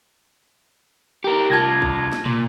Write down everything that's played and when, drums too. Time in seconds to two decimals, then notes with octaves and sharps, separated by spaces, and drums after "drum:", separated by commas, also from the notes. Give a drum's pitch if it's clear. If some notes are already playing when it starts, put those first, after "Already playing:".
1.24 G4 A#4
1.50 C2 F4 A5 G#6 A#6
1.82 drum: kick
2.12 drum: snare
2.26 A#2, drum: tom